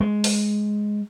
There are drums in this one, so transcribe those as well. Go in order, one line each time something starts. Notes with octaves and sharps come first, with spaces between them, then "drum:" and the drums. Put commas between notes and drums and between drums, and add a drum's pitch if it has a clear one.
G#3
drum: open hi-hat